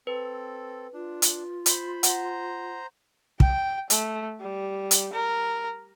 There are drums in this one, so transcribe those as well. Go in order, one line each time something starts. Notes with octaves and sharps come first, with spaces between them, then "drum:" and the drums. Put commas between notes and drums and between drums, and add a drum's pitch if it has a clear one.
C4 A4 B4
D4 F4
drum: hi-hat
C5 B5, drum: hi-hat
C5 F#5 A#5, drum: hi-hat
G5, drum: kick
A3, drum: hi-hat
G3
drum: hi-hat
A#4